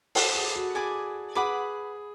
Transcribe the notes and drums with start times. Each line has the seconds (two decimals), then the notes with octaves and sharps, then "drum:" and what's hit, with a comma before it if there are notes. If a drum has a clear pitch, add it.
0.15 A4 B4 D5 F#5, drum: open hi-hat
0.35 G#4
0.56 F#4
0.75 G#4 D5 G#5 B5 D6
1.35 G#4 B4 F#5 B5 D6